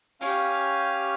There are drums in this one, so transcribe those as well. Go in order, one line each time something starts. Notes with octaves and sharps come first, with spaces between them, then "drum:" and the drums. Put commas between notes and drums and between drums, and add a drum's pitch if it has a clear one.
C#4 G4 F5 G#5, drum: open hi-hat